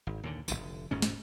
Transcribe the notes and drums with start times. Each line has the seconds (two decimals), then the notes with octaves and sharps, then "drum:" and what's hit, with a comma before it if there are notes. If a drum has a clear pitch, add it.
0.07 G#1
0.23 D#2 A#2 D3
0.48 F1 B1 D3, drum: tambourine
0.91 D#1 D2 G#2 C#4
1.02 drum: snare